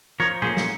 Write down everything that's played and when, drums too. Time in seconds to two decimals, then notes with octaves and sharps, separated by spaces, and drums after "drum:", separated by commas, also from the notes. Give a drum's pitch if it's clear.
0.20 F3 A#4 C#5
0.42 A#3 C#4 G#4 C5, drum: tom
0.57 drum: snare